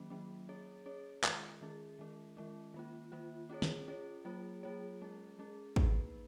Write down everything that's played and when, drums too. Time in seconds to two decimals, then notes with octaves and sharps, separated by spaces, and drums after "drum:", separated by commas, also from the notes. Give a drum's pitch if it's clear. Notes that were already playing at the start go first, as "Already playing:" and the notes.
Already playing: D#3 F#3 A#3 C#4
0.10 D#3 F#3 A#3 C#4
0.49 C#4 G#4 C#5
0.86 C#4 G#4 C#5
1.24 D#3 G#3 C#4 G#4, drum: clap
1.61 D#3 G#3 C#4 G#4
1.99 D#3 G#3 C#4
2.37 D#3 G#3 C#4
2.74 D#3 A#3 F4
3.12 D#3 A#3 F4
3.49 C#4 F4 G#4 C#5
3.62 drum: snare
3.88 C#4 F4 G#4 C#5
4.25 F#3 A#3 F4 G#4 C#5
4.63 F#3 A#3 F4 G#4 C#5
5.02 G#3 C#4 G#4
5.39 G#3 C#4 G#4
5.76 A#3 D#4 G#4 B4, drum: kick